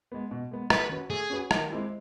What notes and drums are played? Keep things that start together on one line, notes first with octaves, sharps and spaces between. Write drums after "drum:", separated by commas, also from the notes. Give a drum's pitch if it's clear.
G#3 B3
B2
G#3 B3
A3 B4, drum: rim click
C#4 F#4 B4
A3 G#4
C#4 F#4 B4
D#3, drum: rim click
G#3 C4 E4 G4